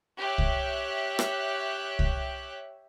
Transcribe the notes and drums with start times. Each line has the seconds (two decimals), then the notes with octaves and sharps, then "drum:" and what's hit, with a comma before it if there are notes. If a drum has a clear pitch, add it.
0.18 G4 C#5 E5 F#6
0.38 drum: kick C2
1.19 drum: rim click
1.99 drum: kick C2